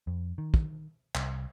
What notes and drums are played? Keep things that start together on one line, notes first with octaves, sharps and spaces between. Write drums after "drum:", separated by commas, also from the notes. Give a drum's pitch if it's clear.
F2
D#3
drum: kick
C2, drum: clap